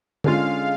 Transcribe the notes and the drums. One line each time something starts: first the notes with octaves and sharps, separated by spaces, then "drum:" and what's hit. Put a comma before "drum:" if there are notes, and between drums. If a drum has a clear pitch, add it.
D3 G#3 C#4 F4 F5, drum: tom D3